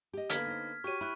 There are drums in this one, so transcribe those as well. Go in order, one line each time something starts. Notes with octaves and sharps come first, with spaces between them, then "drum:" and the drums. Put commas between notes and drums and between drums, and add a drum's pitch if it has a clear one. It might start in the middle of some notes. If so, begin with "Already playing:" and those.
G4 D#5
D3 A#3 B3 F6 G#6 B6, drum: hi-hat
D#4 C5
F#4 G4 C#5 C#6 D#7
E4 B5 C#6 F#6